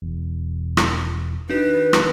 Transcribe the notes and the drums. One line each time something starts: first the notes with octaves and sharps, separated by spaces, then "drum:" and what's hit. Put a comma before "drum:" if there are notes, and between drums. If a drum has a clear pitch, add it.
E1
drum: rim click
D#3 D4 F#4 B4
drum: rim click